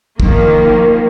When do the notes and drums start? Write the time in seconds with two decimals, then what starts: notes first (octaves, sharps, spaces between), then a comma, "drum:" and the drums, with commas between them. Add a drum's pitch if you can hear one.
0.20 D#3 F3 A#3, drum: kick